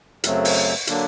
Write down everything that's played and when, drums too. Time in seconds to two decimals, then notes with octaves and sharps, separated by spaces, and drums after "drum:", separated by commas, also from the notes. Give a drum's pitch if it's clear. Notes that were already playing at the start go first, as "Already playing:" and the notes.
0.24 F#2 C#3 F#3 A3 C4, drum: hi-hat
0.45 drum: open hi-hat
0.87 D3 F#3 A#3 D4, drum: hi-hat